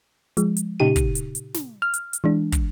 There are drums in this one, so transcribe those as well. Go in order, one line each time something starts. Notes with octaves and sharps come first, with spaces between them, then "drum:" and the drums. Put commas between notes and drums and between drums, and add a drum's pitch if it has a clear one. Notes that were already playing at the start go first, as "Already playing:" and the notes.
F3 G#3, drum: hi-hat
drum: hi-hat
A#2 C#3 D#4 G4 D#7
drum: kick, hi-hat
drum: hi-hat
drum: hi-hat
drum: snare
F6
drum: hi-hat
drum: hi-hat
E3 G#3 D4
drum: kick, hi-hat